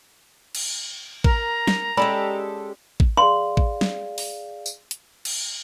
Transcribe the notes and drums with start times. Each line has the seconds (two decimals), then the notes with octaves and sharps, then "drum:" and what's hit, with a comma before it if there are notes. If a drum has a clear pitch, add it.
0.55 drum: cymbal
1.24 A#4 A#5, drum: kick A1
1.67 drum: snare
1.97 G#3 C#4 G4 A4 D5 B5
3.00 drum: kick A1
3.17 G#4 D5 F5 C6
3.57 drum: kick A1
3.81 drum: snare
4.18 drum: open hi-hat
4.66 drum: tambourine
4.91 drum: hi-hat
5.25 drum: cymbal